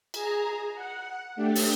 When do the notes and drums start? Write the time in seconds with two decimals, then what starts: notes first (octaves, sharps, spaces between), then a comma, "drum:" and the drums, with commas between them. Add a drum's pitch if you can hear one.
0.14 G#4 A#5, drum: cymbal
0.75 F#5
1.36 A3 D4 G4
1.55 drum: open hi-hat